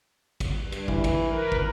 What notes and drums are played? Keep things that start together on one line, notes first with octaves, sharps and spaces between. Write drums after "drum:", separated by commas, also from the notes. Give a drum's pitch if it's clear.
drum: kick, cymbal
G2
drum: cymbal
E3, drum: kick
drum: kick, cymbal
A#4 B4
drum: kick